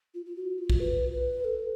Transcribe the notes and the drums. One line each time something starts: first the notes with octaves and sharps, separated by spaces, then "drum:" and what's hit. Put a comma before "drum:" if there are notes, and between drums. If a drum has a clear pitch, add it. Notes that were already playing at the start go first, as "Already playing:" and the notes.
F4
F4
F#4
F4
drum: kick
B4
B4
A4